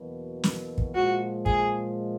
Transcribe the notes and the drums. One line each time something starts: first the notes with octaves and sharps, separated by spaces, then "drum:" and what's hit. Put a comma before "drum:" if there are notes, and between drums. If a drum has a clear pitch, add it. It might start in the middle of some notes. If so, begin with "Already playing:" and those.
Already playing: E2 B2 F#3 A#3
drum: snare
drum: kick
A#2 F3 G#3 F#4
G#4, drum: kick